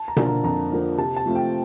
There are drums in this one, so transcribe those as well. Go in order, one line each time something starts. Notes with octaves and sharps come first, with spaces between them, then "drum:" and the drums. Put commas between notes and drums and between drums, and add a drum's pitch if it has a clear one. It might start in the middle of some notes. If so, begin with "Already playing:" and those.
Already playing: A5
A#5
D3 F3 A#3, drum: tom B2
A#5
F2 A#5
D3 F3 A#3
C3 A5
A5
F3 A3 C4 F4
G5